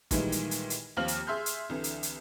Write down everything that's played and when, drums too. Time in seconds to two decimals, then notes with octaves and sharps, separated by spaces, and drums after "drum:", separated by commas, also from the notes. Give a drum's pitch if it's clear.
0.11 A#2 D#3 E3 G3 G#3, drum: kick, hi-hat
0.32 drum: hi-hat
0.51 drum: hi-hat
0.70 drum: hi-hat
0.97 D#2 F3 C4 F4 F6 F#7
1.08 drum: hi-hat
1.27 G#4 E5 C6 F6 G6
1.46 drum: hi-hat
1.69 C2 D3 E3
1.84 drum: hi-hat
2.03 drum: hi-hat